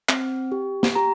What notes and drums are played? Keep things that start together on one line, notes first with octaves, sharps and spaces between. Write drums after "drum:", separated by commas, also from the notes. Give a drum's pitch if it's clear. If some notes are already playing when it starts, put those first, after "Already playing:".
C4, drum: clap
G4
drum: snare
G4 A#5